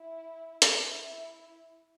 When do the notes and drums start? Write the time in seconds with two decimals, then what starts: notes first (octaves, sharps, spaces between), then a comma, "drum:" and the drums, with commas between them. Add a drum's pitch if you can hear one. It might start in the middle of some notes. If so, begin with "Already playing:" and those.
Already playing: E4
0.62 drum: hi-hat
0.82 E4